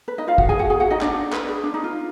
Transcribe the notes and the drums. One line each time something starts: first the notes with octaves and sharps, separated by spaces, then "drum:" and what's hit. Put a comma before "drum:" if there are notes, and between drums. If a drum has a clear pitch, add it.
B4
D#4 D#5
F4 F5
F#4 F#5, drum: kick
G#4 G#5
F#4 F#5
G#4 G#5
F#4 F#5
D#4 D#5
D4 D5, drum: clap
B4, drum: clap
G#4
D4
D#4
F4